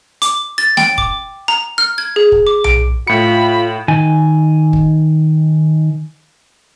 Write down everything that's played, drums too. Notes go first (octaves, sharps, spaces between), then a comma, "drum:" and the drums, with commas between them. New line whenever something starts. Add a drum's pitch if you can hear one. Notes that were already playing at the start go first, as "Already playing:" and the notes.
D6, drum: hi-hat
A6
G5, drum: snare
D6, drum: kick
A#5
F6
G#6
G#4
drum: kick
D6
D7, drum: tom B1
A2 F4 B5 C#7
D#3 G#5
drum: kick